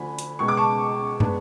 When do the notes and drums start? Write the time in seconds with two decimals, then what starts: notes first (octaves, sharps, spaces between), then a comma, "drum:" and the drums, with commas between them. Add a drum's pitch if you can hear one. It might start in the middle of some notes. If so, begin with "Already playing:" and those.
Already playing: D2 D3 F3 G#5 B5
0.19 drum: hi-hat
0.39 C#2 B2 G#3 C#6
0.48 D6
0.57 A5 C#6
1.20 G#3 B3 D4, drum: tom